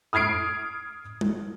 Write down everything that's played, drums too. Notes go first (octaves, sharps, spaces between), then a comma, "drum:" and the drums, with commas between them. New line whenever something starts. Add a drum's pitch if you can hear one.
D#6 F6 G#6 C7 D7
drum: tom G3